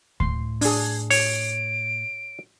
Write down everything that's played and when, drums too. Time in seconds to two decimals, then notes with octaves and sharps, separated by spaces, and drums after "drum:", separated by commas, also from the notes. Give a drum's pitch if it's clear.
0.20 A2 C6, drum: kick D2
0.61 D4 G#4 G#6, drum: open hi-hat
1.11 C#5 D7, drum: open hi-hat